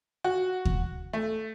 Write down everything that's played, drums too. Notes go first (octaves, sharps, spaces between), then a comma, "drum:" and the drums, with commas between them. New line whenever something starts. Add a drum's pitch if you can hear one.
F#4
drum: kick D#2
A3